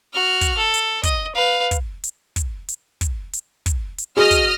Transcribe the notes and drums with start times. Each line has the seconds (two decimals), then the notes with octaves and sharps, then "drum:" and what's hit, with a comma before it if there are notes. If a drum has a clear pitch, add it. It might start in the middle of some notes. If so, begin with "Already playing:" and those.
0.14 F#4 F6
0.41 drum: kick, hi-hat
0.57 A4
0.74 drum: hi-hat
1.03 D#5, drum: kick, hi-hat
1.35 B4 F5
1.71 drum: kick, hi-hat
2.04 drum: hi-hat
2.36 drum: kick, hi-hat
2.68 drum: hi-hat
3.01 drum: kick, hi-hat
3.33 drum: hi-hat
3.66 drum: kick, hi-hat
3.98 drum: hi-hat
4.17 F#4 G#4 D#5 F6
4.31 drum: kick, hi-hat